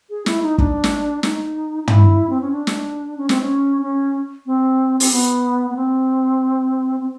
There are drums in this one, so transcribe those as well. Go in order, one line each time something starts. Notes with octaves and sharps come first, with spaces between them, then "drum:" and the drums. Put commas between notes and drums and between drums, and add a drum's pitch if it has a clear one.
G#4
E4, drum: snare
D#4
D4, drum: kick
drum: snare
D#4, drum: snare
D#4
E4, drum: tom
C4
C#4
D4
drum: snare
C#4
C4, drum: snare
C#4
C#4
C4
C4, drum: open hi-hat
B3
B3
C4
C4